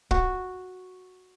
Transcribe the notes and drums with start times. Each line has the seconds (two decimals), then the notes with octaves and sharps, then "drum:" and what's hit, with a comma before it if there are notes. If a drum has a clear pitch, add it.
0.11 F#4, drum: kick